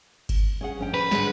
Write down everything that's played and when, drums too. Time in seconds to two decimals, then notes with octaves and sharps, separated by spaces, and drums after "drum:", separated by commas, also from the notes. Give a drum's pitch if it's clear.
0.29 drum: kick G1, cymbal
0.61 C#4 G#4 F#5
0.79 F2 C#4 G5
0.94 B4
1.11 G#2 D3 G#3, drum: snare